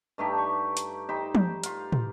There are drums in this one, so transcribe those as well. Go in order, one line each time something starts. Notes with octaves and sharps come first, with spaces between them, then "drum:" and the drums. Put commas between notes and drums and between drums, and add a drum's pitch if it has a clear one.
G2 A3 D#4 G4
C#6
drum: hi-hat
D#4 G4 C5 B5
drum: tom
F4 F5, drum: hi-hat
drum: tom